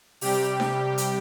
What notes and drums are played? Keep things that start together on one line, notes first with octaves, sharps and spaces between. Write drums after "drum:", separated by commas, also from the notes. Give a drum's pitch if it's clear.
C3 G3 G4, drum: open hi-hat
drum: snare D4
drum: hi-hat